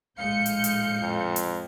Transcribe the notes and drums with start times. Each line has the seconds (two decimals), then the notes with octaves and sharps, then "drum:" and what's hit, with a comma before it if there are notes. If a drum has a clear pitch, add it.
0.18 A#1 A2 G#3 F5 G6 C#7
0.46 drum: hi-hat
0.64 drum: hi-hat
1.00 F2
1.36 drum: hi-hat